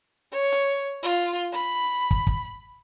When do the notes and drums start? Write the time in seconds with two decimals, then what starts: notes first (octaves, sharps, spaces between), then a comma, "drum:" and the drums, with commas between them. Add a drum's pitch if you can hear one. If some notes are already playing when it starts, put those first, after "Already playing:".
0.33 C#5
0.52 drum: hi-hat
1.04 F4
1.54 B5, drum: hi-hat
2.11 drum: kick
2.27 drum: kick